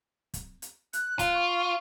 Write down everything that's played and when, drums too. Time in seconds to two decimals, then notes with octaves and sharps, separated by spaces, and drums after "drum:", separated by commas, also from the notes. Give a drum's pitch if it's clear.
0.34 drum: kick, hi-hat
0.62 drum: hi-hat
0.93 F#6, drum: hi-hat
1.19 F4, drum: kick, hi-hat
1.34 C#6